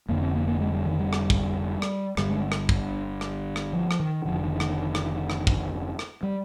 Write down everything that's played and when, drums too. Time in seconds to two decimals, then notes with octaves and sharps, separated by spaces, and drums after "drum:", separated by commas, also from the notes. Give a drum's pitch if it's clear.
0.09 F1 F2 D3 A#3
0.22 C4
0.35 A#3
0.48 A#3
0.61 G#3
0.74 G3
0.86 D#3
0.99 G3
1.13 drum: rim click
1.30 drum: kick
1.82 drum: rim click
2.17 G1 G2 D3 G3, drum: rim click
2.30 G#3
2.52 drum: rim click
2.69 drum: kick
3.21 drum: rim click
3.56 drum: rim click
3.73 F3
3.91 drum: rim click
4.00 D#3
4.25 F1 D#2 D3 F3
4.43 D#3
4.60 D#3, drum: rim click
4.95 drum: rim click
5.30 drum: rim click
5.47 drum: kick
5.99 drum: rim click
6.23 G3